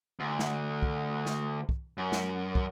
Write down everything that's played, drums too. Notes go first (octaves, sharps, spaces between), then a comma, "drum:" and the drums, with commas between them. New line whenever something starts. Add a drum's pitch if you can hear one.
D2
drum: snare
drum: kick
drum: snare
drum: kick
F#2
drum: snare
drum: kick